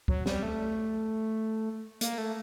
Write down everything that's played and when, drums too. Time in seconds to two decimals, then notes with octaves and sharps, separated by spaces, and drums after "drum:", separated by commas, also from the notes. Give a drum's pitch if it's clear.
0.08 F#3, drum: kick
0.26 G3, drum: snare
0.43 A3
2.01 A#3, drum: hi-hat
2.18 A3